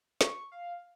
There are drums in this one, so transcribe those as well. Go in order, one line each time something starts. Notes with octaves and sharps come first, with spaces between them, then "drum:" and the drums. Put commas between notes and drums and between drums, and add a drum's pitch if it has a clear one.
C#6, drum: snare
F5